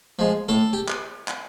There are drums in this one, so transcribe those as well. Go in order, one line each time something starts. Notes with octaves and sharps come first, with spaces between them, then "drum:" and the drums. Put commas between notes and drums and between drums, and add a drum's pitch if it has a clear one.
F3 G#3
A2 A4
G4
drum: clap
drum: clap